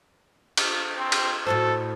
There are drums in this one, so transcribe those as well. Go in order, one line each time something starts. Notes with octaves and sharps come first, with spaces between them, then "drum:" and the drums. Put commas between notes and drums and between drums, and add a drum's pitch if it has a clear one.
drum: cymbal
C4
drum: cymbal
A2 F#4 A4 C5